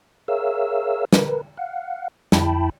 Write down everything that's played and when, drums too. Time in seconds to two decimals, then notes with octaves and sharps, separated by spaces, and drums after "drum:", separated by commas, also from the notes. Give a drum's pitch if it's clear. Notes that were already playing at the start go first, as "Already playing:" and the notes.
0.28 G#4 A#4 C#5 E5 F5 E6
1.13 A#4 B4, drum: snare
1.57 F5 F#5
2.32 F2 E4 G5 A5 B5, drum: snare